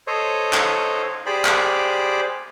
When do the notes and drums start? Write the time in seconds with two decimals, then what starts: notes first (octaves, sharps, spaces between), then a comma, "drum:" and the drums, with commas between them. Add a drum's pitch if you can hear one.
0.07 A4 C5 C#5 D#5
0.53 drum: clap
1.26 G4 G#4 C5 D5 B5
1.45 drum: clap